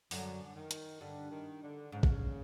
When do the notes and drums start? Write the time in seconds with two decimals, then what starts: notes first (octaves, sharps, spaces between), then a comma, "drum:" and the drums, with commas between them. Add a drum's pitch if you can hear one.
0.11 F#2 D3, drum: open hi-hat
0.56 D#3
0.71 drum: hi-hat
1.01 G2 D3
1.31 D#3
1.62 D3
1.92 G#2 C#3
2.03 drum: kick